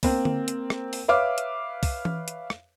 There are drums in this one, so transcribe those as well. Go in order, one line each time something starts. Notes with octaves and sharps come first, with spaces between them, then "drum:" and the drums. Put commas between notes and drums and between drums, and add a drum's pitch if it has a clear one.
A#3 C4, drum: kick, open hi-hat
drum: tom D3
drum: hi-hat
drum: rim click
drum: open hi-hat
B4 C#5 E5 F5 D6 F6
drum: hi-hat
drum: kick, open hi-hat
drum: tom E3
drum: hi-hat
drum: rim click